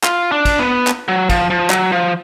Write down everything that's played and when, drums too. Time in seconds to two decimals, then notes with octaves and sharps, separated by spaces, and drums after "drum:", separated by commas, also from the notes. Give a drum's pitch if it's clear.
0.04 F4, drum: clap
0.32 D4
0.45 drum: kick, cymbal
0.59 B3
0.87 drum: clap
1.08 F#3
1.29 F3, drum: kick, cymbal
1.50 F3
1.70 F#3, drum: clap
1.92 F3